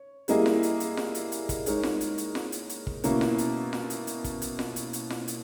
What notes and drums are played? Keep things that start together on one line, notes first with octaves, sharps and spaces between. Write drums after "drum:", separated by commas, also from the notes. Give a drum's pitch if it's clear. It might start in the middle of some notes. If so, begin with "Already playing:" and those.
Already playing: C#5
G3 A#3 E4 G#4 D#5, drum: hi-hat
drum: snare F4
drum: hi-hat
drum: hi-hat
drum: snare F4
drum: hi-hat
drum: hi-hat
drum: kick, hi-hat
G#3 D#4 A#4 C#5, drum: hi-hat
drum: snare F4
drum: hi-hat
drum: hi-hat
drum: snare F4
drum: hi-hat
drum: hi-hat
drum: kick
B2 A#3 C#4 E4, drum: hi-hat
drum: snare F4
drum: hi-hat
drum: snare F4
drum: hi-hat
drum: hi-hat
drum: kick, hi-hat
drum: hi-hat
drum: snare F4
drum: hi-hat
drum: hi-hat
drum: snare F4
drum: hi-hat